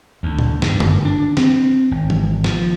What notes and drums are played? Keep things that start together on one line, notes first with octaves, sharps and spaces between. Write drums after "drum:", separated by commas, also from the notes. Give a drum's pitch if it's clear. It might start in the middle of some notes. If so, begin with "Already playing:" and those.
D2
drum: tom A#2
G2, drum: snare
G1, drum: tom F#2
D4
C4, drum: snare
G#1
drum: tom E3
F3, drum: snare